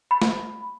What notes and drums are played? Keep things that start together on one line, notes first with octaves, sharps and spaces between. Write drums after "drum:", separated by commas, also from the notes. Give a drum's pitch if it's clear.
B5
drum: snare